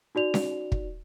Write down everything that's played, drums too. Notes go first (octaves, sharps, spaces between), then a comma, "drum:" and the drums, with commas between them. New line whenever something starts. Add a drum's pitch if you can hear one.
D#4 F#4 D5 F7
drum: snare C#4
drum: kick